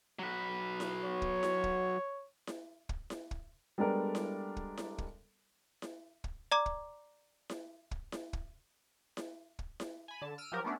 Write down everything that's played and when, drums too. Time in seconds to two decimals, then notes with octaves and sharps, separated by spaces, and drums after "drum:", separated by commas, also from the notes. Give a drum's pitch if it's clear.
0.19 F#3 B4
0.80 drum: snare E4
1.04 C#5
1.22 drum: kick
1.43 drum: snare E4
1.64 drum: kick
2.47 drum: snare E4
2.89 drum: kick
3.10 drum: snare E4
3.31 drum: kick
3.78 G3 G#3 B3 D4 A4 A#4
4.15 drum: snare E4
4.57 drum: kick
4.78 drum: snare E4
4.98 drum: kick
5.82 drum: snare E4
6.24 drum: kick
6.52 D5 A#5 D6
6.66 drum: kick
7.50 drum: snare E4
7.91 drum: kick
8.12 drum: snare E4
8.33 drum: kick
9.17 drum: snare E4
9.59 drum: kick
9.80 drum: snare E4
10.08 G#5 B5
10.22 D3 A5
10.38 E6 F6 D7 D#7
10.52 F3 F#3 G4 A#4
10.64 A3 B3 C#4 D4